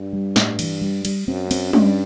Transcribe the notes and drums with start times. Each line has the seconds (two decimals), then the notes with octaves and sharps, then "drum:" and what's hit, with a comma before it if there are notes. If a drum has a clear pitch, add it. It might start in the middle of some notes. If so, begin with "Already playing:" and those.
Already playing: G2
0.13 G3
0.36 A2, drum: snare
0.59 E3, drum: cymbal
0.81 G3
1.05 G3, drum: cymbal
1.28 F#2 C4
1.51 C4, drum: cymbal
1.73 G2 C#4, drum: tom G3